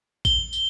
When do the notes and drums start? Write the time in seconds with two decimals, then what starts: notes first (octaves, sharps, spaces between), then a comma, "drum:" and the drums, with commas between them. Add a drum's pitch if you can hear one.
0.25 G7, drum: kick, tambourine
0.53 drum: tambourine